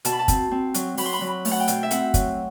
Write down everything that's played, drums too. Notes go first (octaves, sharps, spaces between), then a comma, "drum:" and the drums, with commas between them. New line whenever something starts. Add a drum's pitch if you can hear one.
B2 A5, drum: hi-hat
B5
A5
C4, drum: kick, hi-hat
C4
F#3, drum: hi-hat
F#3 B5, drum: open hi-hat
C6
B5
F#3
B5
A3, drum: open hi-hat
F#5
G5
B2, drum: hi-hat
E5
C4 F#5, drum: hi-hat
F#3, drum: kick, hi-hat